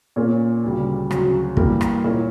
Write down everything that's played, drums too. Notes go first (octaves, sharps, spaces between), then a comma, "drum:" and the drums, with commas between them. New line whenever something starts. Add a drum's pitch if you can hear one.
A#2 A#3 C#4
D2 C#3 G3
D2 C#3 F#3, drum: rim click
E3 G3 A#3 E4 A#4, drum: kick
drum: rim click
A#2 A#3 E4 A#4 C#5